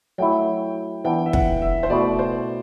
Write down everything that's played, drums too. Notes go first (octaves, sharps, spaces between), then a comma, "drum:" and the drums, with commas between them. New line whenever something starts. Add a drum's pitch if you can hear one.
F#3 A3 E4 G5
E3 B3 D4 G5
E5
F#5, drum: kick
E5
C5
B2 A3 E4 D5
C5